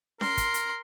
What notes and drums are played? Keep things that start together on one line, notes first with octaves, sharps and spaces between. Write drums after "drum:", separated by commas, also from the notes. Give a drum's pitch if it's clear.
A#4 C6, drum: snare C#4
drum: kick, hi-hat
drum: hi-hat